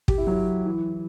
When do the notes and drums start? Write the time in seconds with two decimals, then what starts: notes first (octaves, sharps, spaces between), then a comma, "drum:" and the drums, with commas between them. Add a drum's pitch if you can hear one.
0.08 G4, drum: kick
0.18 E4
0.27 F#3
0.66 E3